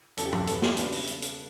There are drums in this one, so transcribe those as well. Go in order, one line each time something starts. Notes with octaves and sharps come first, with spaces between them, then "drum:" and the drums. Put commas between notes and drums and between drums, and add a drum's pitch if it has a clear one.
E2 C#3 F#3 A4, drum: hi-hat
G4
A4, drum: tom
B2 F#3 B3 A4, drum: hi-hat
G4, drum: snare
C#3 G3 B3 D4, drum: hi-hat
drum: open hi-hat
drum: hi-hat
drum: hi-hat